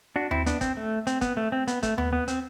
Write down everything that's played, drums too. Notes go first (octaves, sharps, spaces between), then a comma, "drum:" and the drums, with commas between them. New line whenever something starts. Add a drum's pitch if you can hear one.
D4 F#4
C4 E4, drum: tom D#2
B3 D4, drum: hi-hat
C4, drum: kick, hi-hat
A3
C4, drum: hi-hat
B3, drum: kick, hi-hat
A3
C4
B3, drum: hi-hat
A3, drum: kick, hi-hat
B3, drum: tom D#2
B3
C4, drum: hi-hat